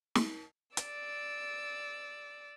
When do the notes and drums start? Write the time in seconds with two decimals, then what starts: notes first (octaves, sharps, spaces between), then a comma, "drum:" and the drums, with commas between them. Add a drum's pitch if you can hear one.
0.15 drum: snare
0.77 D5 E6, drum: hi-hat